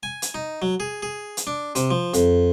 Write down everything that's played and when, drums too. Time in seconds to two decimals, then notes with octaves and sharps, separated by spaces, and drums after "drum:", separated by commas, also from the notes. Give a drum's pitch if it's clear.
0.03 G#5
0.22 drum: hi-hat
0.34 D#4
0.62 F#3
0.80 G#4
1.02 G#4
1.37 drum: hi-hat
1.47 D4
1.75 C3, drum: hi-hat
1.91 F3
2.14 F2, drum: hi-hat